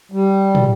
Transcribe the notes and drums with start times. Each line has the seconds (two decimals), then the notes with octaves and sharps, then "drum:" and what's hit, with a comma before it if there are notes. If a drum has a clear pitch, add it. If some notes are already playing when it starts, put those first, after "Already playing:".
0.12 G3
0.55 drum: tom